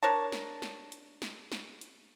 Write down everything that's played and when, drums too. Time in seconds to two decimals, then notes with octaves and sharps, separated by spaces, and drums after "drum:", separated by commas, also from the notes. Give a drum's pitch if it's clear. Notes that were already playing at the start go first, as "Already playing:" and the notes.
0.03 D4 A#4 C#5 A5
0.32 drum: snare
0.62 drum: snare
0.92 drum: hi-hat
1.22 drum: snare
1.52 drum: snare
1.81 drum: hi-hat